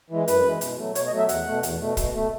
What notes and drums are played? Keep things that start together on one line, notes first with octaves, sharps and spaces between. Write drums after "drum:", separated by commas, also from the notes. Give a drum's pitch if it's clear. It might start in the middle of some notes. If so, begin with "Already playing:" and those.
E3 G#3
F#2 B4, drum: hi-hat
E3 G#3
B2, drum: hi-hat
F#3 A3
B2 C#5, drum: hi-hat
D#5
F#3 A3
E5
E2 F#5, drum: hi-hat
B2 A3
E2, drum: hi-hat
B2 A3
B2, drum: kick, hi-hat
A3